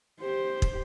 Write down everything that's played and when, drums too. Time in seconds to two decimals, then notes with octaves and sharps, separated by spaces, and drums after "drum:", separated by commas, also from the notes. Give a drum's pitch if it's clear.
0.22 G4 C5
0.62 drum: kick